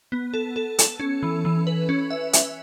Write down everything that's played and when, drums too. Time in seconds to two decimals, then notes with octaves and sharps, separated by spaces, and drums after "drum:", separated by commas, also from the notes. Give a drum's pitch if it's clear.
0.12 B3
0.34 A4
0.56 A4
0.79 A4, drum: hi-hat
1.00 C#4
1.23 E3
1.45 E3
1.67 B4
1.89 C#4
2.10 E5
2.33 E5, drum: hi-hat